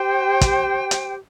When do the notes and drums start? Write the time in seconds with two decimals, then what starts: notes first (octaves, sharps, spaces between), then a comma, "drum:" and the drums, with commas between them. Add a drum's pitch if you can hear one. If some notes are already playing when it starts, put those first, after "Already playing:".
Already playing: G4 C5 G5
0.41 drum: kick, hi-hat
0.91 drum: hi-hat